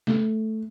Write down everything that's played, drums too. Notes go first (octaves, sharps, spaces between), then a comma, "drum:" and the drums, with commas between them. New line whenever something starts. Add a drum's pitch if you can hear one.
A3, drum: snare